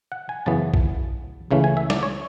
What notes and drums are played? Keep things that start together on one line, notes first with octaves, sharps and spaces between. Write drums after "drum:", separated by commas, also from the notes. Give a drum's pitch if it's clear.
F#5
G#5
F#2 C#3 E3 B3 A5
drum: kick B1
C#2 C#3 E3 A3 C#4
G#5
E5
D5, drum: snare
C#5